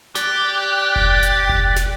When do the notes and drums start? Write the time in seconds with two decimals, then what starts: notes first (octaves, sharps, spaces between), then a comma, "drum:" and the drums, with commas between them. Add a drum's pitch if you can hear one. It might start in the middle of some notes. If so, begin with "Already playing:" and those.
0.15 G4 D5 F#6, drum: snare
0.96 drum: kick F1
1.23 drum: hi-hat
1.49 drum: kick F1
1.76 drum: snare